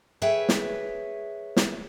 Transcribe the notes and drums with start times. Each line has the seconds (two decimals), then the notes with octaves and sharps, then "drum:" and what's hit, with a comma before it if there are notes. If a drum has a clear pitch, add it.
0.22 G#4 B4 C#5 E5 G5
0.49 drum: snare
1.56 drum: snare